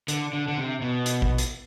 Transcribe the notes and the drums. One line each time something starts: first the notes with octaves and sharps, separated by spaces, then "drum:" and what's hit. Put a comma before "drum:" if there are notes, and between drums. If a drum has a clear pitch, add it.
D3, drum: hi-hat
D3
D3
C3
B2
drum: hi-hat
drum: kick A#1
drum: hi-hat